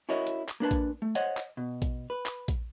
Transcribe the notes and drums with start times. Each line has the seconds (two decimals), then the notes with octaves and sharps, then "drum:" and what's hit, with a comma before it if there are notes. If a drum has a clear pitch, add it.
0.09 C#4 E4 F#4 A#4 C#5 D#5
0.27 drum: hi-hat
0.49 drum: clap
0.60 A#3 D4 B4 A5
0.71 drum: kick A#1, hi-hat
1.02 A3
1.15 C5 C#5 D#5 F#5, drum: hi-hat
1.37 drum: clap
1.57 B2
1.82 drum: kick A#1, hi-hat
2.10 B4
2.26 drum: clap
2.48 drum: kick A#1, hi-hat